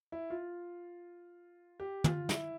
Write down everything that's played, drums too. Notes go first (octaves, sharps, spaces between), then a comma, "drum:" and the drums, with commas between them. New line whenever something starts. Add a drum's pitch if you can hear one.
E4
F4
G4
F4, drum: tom
E4, drum: snare